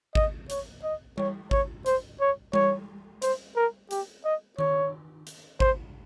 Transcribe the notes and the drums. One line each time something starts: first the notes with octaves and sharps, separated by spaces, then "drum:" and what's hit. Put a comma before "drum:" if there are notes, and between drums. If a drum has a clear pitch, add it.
D#5, drum: kick G#1
C#5, drum: hi-hat
D#5
C#5, drum: tom G3
C#5, drum: kick G#1
C5, drum: hi-hat
C#5
C#5, drum: tom G3
C5, drum: hi-hat
A#4
G4, drum: hi-hat
D#5
C#5, drum: tom D#3
drum: hi-hat
C5, drum: kick G#1